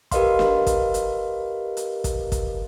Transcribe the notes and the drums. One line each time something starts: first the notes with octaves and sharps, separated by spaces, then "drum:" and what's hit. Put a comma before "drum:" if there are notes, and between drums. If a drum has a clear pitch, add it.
G4 A#4 B4 D#5 F5 C6, drum: kick, hi-hat
drum: snare
drum: kick, hi-hat
drum: hi-hat
drum: hi-hat
drum: kick, hi-hat
drum: kick, hi-hat